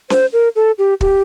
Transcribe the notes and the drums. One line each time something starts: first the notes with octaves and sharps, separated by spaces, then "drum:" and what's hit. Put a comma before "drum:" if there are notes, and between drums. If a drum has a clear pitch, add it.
C5, drum: snare C#4
A#4
A4
G4
G4, drum: kick